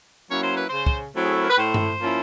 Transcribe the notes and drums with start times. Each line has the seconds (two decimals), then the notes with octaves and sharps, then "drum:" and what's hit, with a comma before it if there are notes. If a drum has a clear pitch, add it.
0.29 F#3 A#3 C#4 E4 C#5
0.42 C5
0.55 B4
0.69 C#3 C5
0.86 drum: kick
1.15 F#3 A3 C4 E4
1.23 G#4
1.32 A4
1.40 A#4
1.49 B4
1.57 A2 C5
1.74 drum: tom G2
2.00 F3 A#3 C#4 E4